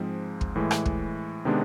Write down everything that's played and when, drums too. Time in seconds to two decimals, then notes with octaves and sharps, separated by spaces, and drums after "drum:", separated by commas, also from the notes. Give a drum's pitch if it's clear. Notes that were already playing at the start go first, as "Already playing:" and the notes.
Already playing: G#2 F3 G#3 C4
0.41 drum: kick
0.56 A2 E3 G#3
0.71 drum: rim click
0.86 drum: kick
1.45 C3 D#3 G#3 B3 D4